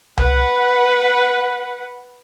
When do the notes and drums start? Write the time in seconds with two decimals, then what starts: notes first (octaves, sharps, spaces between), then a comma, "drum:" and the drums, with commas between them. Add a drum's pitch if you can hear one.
0.17 B4 F#5, drum: tom C2